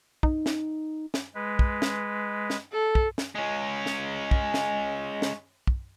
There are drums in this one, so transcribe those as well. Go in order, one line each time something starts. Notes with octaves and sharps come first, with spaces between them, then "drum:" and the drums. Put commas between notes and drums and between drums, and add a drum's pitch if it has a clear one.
D#4, drum: kick
drum: snare
drum: snare
G#3 B4
drum: kick
drum: snare
drum: snare
A4
drum: kick
drum: snare
G#3 C#4
drum: snare
drum: kick
drum: snare
drum: snare
drum: kick